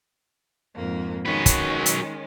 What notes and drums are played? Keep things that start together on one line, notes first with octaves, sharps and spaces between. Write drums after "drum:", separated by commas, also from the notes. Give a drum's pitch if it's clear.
F2 G#2 A#3
D#3 F#3 G#3 C#4 B4
drum: kick, hi-hat
drum: hi-hat